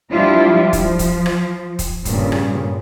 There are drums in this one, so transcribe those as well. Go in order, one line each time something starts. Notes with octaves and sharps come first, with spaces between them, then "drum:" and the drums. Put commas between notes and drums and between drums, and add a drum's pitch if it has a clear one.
F3 G3 D4 E4 F4
F3, drum: kick, hi-hat
drum: kick, hi-hat
drum: rim click
drum: kick, hi-hat
G2 A#2 C#3, drum: kick, hi-hat
drum: rim click